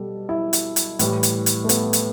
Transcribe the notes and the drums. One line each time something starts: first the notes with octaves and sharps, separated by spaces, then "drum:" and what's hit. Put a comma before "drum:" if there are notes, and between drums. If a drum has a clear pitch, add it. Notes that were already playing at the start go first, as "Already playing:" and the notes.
Already playing: B2 G3 A4
E4
drum: hi-hat
drum: hi-hat
A2 E3 G3, drum: hi-hat
drum: hi-hat
drum: hi-hat
A3
B3, drum: hi-hat
drum: hi-hat